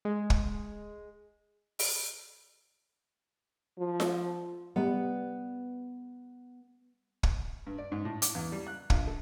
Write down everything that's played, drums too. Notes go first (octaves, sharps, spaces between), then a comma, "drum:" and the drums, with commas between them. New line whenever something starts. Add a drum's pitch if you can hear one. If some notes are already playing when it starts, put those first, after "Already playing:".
G#3
drum: kick
drum: open hi-hat
F3
drum: snare F4
G3 B3 F#5
drum: kick
G2
D5
G#2
A2
D6, drum: hi-hat
E2
G3
F#6
A#1, drum: kick
A4